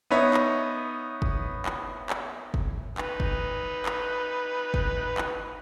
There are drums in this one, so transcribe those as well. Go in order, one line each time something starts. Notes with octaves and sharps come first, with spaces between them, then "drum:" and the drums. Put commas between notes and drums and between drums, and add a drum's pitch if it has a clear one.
B3 D#4 B4 C#5 E5
drum: clap
drum: kick
drum: clap
drum: clap
drum: kick
D#4 B4, drum: clap
drum: kick
drum: clap
drum: kick
drum: clap